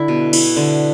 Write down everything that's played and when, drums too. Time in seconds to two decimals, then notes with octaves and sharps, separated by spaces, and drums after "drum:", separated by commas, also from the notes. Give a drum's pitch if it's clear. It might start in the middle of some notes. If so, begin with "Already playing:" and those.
Already playing: D3 E4
0.08 B2
0.33 E4, drum: cymbal
0.56 D3